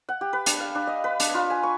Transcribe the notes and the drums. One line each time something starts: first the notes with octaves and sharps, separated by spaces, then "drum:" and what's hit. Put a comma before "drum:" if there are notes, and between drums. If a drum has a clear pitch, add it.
F#5
G4
B4
D4, drum: hi-hat
F5
D4
D#5
B4
D4, drum: hi-hat
F4
G#5
C#6